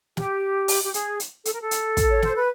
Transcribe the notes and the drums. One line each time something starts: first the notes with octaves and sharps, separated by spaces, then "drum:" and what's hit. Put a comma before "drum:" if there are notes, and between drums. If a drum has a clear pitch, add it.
G4, drum: snare
drum: open hi-hat
G4
G#4, drum: hi-hat
drum: hi-hat
A4, drum: hi-hat
A#4
A4
drum: hi-hat
drum: kick, hi-hat
C#5
C5, drum: snare
B4